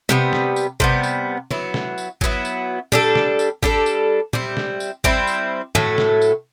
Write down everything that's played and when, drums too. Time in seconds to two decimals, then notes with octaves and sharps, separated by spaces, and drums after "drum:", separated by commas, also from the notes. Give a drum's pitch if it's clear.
0.09 C3 G3 B3, drum: tom
0.33 drum: snare
0.56 drum: tambourine
0.80 C3 G3 B3, drum: kick
1.03 drum: tambourine
1.51 F#3 B3 E4, drum: tom
1.74 drum: snare
1.98 drum: tambourine
2.21 F#3 B3 E4, drum: kick
2.45 drum: tambourine
2.92 G3 D4 A4, drum: tom
3.15 drum: snare
3.39 drum: tambourine
3.63 G3 D4 A4, drum: kick
3.86 drum: tambourine
4.33 G3 C4 E4, drum: tom
4.57 drum: snare
4.80 drum: tambourine
5.04 G3 C4 E4, drum: kick
5.27 drum: tambourine
5.75 A2 F#3 A3, drum: tom
5.98 drum: snare
6.22 drum: tambourine